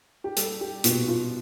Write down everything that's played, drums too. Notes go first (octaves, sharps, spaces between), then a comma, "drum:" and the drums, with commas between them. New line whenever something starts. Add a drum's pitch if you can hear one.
G4
G3 A4, drum: hi-hat
G4
B2 F4, drum: hi-hat
F4